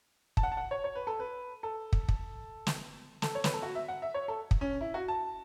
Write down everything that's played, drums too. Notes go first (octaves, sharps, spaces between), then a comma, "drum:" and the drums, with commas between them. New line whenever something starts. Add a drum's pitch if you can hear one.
A5, drum: kick
F#5
A5
F#5
C#5
C#5
B4
A4
B4
A4
drum: kick
drum: kick
drum: snare
A4, drum: snare
C#5
B4, drum: snare
A4
F#4
E5
F#5
E5
C#5
A4
drum: kick
C#4
E4
F#4
A5